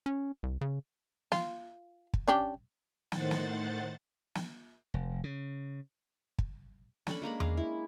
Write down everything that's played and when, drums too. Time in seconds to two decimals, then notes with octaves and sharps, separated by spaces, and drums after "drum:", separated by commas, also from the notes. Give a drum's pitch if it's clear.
0.06 C#4
0.43 C2
0.61 C#3
1.32 F4, drum: snare
2.14 drum: kick
2.28 C#4 D4 G4
3.12 A2 D#3 C5 F#5 A6, drum: snare
3.31 drum: snare
4.35 drum: snare
4.94 F1
5.24 C#3
6.39 drum: kick
7.07 C#4 D4 A4 B5, drum: snare
7.22 G#3 A#3 A#4 B5
7.40 G#4 F5, drum: tom E2
7.57 E4